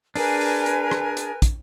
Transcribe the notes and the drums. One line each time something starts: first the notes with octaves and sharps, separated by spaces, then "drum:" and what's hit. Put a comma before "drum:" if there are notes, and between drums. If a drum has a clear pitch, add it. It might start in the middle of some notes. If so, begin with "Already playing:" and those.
D4 G#4 A#4 B4 G#5, drum: open hi-hat
drum: open hi-hat
drum: hi-hat
drum: rim click
drum: hi-hat
drum: kick, hi-hat